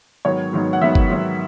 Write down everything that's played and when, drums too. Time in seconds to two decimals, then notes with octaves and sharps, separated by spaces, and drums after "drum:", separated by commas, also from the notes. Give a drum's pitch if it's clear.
0.25 G#2 D#3 F#3 B3 C#5
0.53 G#2 D#3 F#3 B3
0.73 F#5
0.81 G#2 D#3 F#3 B3 E5
0.95 drum: kick F#1
1.10 G#2 D#3 F#3 B3